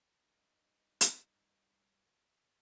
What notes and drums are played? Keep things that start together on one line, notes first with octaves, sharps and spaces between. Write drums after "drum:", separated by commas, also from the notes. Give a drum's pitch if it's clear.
G2 D#4
drum: hi-hat